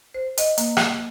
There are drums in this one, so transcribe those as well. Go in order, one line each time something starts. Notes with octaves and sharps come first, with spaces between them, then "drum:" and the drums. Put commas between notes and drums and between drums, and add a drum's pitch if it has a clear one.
C5
D#5, drum: hi-hat
A#3, drum: hi-hat
drum: rim click